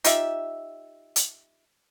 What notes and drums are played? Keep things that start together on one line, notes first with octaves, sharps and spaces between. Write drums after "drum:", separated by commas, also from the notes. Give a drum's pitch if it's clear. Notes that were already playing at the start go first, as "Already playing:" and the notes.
D#4 F4 G4 E5, drum: hi-hat
drum: hi-hat